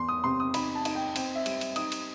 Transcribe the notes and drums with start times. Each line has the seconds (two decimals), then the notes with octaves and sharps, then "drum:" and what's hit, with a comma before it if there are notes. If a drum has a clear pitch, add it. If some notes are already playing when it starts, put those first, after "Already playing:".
Already playing: E2 C6
0.09 D#6
0.24 C3 C6
0.40 D#6
0.54 D#4 B5, drum: cymbal
0.75 A5
0.85 D#4, drum: cymbal
0.95 G5
1.16 C4 G5, drum: cymbal
1.35 E5
1.46 G3, drum: cymbal
1.61 drum: cymbal
1.76 D#4 D#6, drum: cymbal
1.92 drum: cymbal